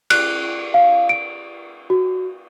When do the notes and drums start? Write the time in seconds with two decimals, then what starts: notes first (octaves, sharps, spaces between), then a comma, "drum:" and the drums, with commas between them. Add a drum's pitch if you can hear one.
0.10 F#6, drum: cymbal
0.74 F5
1.09 D7
1.90 F#4